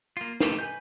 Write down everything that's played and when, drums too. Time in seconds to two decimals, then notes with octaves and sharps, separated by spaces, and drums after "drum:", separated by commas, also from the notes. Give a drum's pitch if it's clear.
0.17 A#3 F4
0.40 A3 F4 G4 A4, drum: snare
0.59 B4 G#5 G6